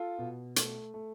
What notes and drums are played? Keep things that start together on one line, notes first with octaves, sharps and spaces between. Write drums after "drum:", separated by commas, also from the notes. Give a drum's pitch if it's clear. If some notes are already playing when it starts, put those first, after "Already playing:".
Already playing: F4 A4
B2
A3, drum: hi-hat
A3